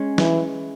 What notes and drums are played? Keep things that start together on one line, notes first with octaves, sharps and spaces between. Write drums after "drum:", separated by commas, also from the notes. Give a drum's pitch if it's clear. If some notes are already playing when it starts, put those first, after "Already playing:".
Already playing: G#3 C#4
E3, drum: snare